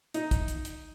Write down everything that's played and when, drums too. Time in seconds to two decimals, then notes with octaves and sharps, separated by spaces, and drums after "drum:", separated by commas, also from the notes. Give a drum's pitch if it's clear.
0.14 D#4, drum: hi-hat
0.31 drum: kick, hi-hat
0.48 drum: hi-hat
0.65 drum: hi-hat